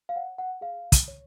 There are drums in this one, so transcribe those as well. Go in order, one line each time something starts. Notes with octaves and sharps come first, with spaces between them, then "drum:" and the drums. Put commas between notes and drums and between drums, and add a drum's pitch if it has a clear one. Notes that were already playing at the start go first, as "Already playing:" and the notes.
F5
C#5 F#5
F#5
G#4 F5
drum: kick, hi-hat
C#5